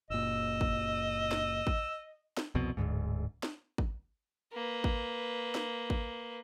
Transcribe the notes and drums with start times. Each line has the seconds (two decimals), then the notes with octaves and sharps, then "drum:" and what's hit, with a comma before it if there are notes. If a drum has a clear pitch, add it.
0.10 F#1 A#2 D#5 E6
0.61 drum: kick
1.31 drum: snare
1.67 drum: kick
2.37 drum: snare
2.55 C2 F2 B2
2.77 D1 G#1 D2 G#2
3.43 drum: snare
3.78 drum: kick
4.53 A#3 B4
4.84 drum: kick
5.55 drum: snare
5.90 drum: kick